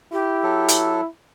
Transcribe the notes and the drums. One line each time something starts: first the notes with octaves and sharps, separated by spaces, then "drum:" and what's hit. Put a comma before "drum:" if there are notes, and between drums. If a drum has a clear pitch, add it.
E4 G4
F#3 A4
drum: hi-hat